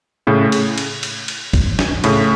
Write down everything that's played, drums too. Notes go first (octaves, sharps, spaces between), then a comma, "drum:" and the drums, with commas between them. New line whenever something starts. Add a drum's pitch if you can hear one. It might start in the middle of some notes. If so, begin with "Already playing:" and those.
A2 C#3
drum: cymbal
drum: cymbal
drum: cymbal
drum: cymbal
drum: kick, cymbal
drum: snare
A2 C#3, drum: cymbal